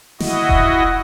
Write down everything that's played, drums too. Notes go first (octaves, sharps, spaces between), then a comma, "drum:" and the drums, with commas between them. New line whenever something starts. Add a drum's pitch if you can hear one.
E4 F#4 D#5, drum: snare
drum: kick E1